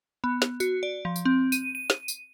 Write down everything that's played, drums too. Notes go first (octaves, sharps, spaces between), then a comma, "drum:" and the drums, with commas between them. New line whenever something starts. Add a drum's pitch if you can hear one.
B3
drum: snare
F#4, drum: tambourine
D5
F3
drum: tambourine
C4
D#7, drum: tambourine
D#7
drum: snare
drum: tambourine